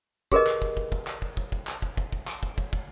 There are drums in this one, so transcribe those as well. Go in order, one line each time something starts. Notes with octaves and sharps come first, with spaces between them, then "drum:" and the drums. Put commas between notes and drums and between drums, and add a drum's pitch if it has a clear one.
G4 G#4 A#4 B4 D#5, drum: kick
drum: clap
drum: kick
drum: kick
drum: kick
drum: clap
drum: kick
drum: kick
drum: kick
drum: clap
drum: kick
drum: kick
drum: kick
drum: clap
drum: kick
drum: kick
drum: kick